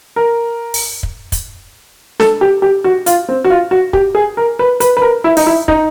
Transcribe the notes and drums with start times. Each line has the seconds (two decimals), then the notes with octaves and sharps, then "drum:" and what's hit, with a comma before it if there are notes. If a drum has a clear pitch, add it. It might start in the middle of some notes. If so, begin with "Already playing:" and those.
0.16 A#4
0.74 drum: open hi-hat
1.03 drum: kick
1.32 drum: kick, hi-hat
2.20 A4, drum: snare D4
2.41 G4
2.62 G4
2.84 F#4
3.06 F4, drum: hi-hat
3.29 C4
3.44 F#4
3.50 F4
3.71 F#4
3.93 G4, drum: kick
4.15 G#4
4.37 A#4
4.59 B4
4.80 B4, drum: hi-hat
4.97 B4
5.02 A#4
5.24 E4
5.37 D#4, drum: open hi-hat
5.46 E4
5.68 D#4, drum: kick